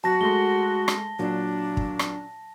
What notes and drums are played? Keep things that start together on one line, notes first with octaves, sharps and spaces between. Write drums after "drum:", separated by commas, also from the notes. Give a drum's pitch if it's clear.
F#3 F#4 A5 A#6
G#3 A3 C6 G7
drum: rim click
A#2 F#3 D4
drum: kick
drum: rim click